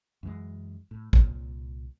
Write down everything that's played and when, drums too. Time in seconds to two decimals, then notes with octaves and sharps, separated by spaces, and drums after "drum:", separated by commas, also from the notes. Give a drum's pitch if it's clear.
0.23 F#2 E3 F#3 G#3
0.91 A2
1.13 C2 A#2, drum: kick